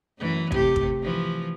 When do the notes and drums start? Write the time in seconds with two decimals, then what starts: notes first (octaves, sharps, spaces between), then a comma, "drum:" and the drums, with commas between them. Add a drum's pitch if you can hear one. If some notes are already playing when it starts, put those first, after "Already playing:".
0.19 F#2 E3 A3
0.52 C3 A3 G4, drum: kick
0.76 drum: kick
1.03 E3 F3